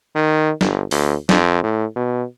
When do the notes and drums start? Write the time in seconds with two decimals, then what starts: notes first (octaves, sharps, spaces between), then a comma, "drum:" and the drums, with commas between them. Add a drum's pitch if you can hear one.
0.16 D#3
0.61 G1, drum: snare
0.91 D2, drum: open hi-hat
1.29 F2, drum: snare
1.63 A2
1.96 B2